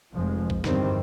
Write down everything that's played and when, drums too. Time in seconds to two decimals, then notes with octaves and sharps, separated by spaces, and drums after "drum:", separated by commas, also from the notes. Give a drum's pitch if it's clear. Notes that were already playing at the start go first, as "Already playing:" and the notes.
0.15 F1 F3 G#3
0.50 drum: kick
0.64 E2 G2 D3 D#3 G3 C4, drum: snare